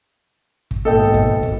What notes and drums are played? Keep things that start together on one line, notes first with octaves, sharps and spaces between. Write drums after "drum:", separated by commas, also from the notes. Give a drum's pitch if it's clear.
drum: kick
G#1 B2 A#3 A4 D#5 G5
drum: kick
drum: kick